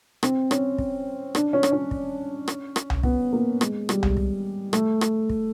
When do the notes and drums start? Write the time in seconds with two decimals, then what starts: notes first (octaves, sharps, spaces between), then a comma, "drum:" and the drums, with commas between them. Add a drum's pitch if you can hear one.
0.23 C4, drum: rim click
0.51 C#4, drum: rim click
0.78 drum: kick
1.35 D4, drum: rim click
1.53 C#4
1.63 drum: rim click
1.72 C#4
1.91 drum: kick
2.48 drum: rim click
2.76 drum: rim click
2.90 drum: tom C2
3.03 B3, drum: kick
3.33 A#3
3.61 G#3, drum: rim click
3.89 G3, drum: rim click
4.03 drum: tom C2
4.17 drum: kick
4.73 A3, drum: rim click
5.01 drum: rim click
5.29 drum: kick